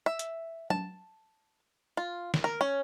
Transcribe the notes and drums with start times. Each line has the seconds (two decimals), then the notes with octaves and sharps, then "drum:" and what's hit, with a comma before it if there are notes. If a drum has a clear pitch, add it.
0.06 E5
0.19 drum: hi-hat
0.70 A5, drum: tom F#3
1.97 F4
2.34 drum: snare
2.44 A#4
2.61 C#4